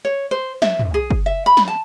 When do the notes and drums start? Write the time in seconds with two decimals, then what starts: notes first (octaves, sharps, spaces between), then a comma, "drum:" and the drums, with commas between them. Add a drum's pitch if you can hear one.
0.05 C#5
0.31 C5
0.62 E5, drum: snare
0.79 drum: tom
0.94 G#4
1.10 drum: kick
1.26 E5
1.46 B5
1.57 drum: snare
1.68 A5